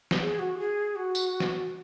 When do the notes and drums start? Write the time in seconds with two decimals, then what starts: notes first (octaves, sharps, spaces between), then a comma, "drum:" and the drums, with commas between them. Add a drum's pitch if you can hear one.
0.11 drum: snare
0.21 G#4
0.39 F#4
0.58 G#4
0.96 F#4
1.15 drum: tambourine
1.40 drum: snare